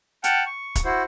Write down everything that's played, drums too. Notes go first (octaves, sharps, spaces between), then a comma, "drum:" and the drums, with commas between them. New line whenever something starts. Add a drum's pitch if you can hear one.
F#5 G5 A5 F6, drum: hi-hat
C#6
drum: kick, hi-hat
E4 F#4 C5